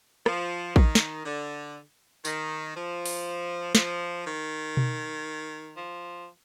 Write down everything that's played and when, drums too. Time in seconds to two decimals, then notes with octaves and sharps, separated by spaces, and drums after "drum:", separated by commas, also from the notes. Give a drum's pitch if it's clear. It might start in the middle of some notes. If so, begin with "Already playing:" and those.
0.26 F3, drum: rim click
0.76 D#3, drum: kick
0.95 drum: snare
1.25 D3
2.25 D#3, drum: tambourine
2.75 F3
3.06 drum: open hi-hat
3.75 F3, drum: snare
4.24 D#3
4.77 drum: tom B2
5.74 F3